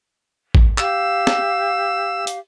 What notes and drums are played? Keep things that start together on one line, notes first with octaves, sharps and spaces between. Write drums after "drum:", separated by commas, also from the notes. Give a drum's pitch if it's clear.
drum: kick
G4 F5 E6, drum: clap
drum: snare
drum: hi-hat